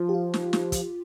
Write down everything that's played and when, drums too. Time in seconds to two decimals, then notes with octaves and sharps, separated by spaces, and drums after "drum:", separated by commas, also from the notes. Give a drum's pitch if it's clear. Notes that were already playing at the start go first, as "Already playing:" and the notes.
Already playing: F3 F4
0.09 G4
0.14 F4
0.34 drum: snare
0.53 drum: snare
0.72 drum: kick, hi-hat